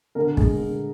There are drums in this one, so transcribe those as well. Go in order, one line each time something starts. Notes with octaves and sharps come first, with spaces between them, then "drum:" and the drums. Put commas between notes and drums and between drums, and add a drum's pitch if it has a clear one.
D3 A#4
G#3, drum: kick
D3